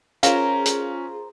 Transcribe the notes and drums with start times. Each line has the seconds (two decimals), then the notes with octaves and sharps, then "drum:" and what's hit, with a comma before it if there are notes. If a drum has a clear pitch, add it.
0.23 C#4 F4 G#4 A#4 C5 F5 A#5, drum: hi-hat
0.65 drum: hi-hat